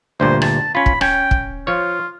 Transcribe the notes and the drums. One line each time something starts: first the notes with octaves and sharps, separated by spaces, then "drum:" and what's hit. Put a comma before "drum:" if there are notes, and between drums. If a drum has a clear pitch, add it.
D2 G2 A#2 C5
A5, drum: rim click
C#4 F4 B5
drum: kick
C#4 G5, drum: rim click
drum: kick
F3 F4 C#5